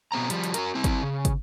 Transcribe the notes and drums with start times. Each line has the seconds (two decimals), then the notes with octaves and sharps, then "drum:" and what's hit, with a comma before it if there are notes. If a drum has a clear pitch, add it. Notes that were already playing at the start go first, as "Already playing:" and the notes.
0.12 B2 B3 C4 A#5
0.30 F3 G3, drum: hi-hat
0.44 drum: hi-hat
0.54 F#4 A#4, drum: hi-hat
0.75 C4 E4
0.84 drum: kick, hi-hat
1.02 C#3
1.25 drum: kick, hi-hat